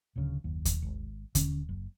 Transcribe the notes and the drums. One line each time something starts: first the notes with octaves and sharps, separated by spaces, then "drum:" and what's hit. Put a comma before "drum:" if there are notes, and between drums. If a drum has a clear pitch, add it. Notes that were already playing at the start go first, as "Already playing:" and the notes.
D1 D2 C#3
F#1 D#2
drum: kick D#2, hi-hat
G#1
D3 C#4, drum: kick D#2, hi-hat
F#1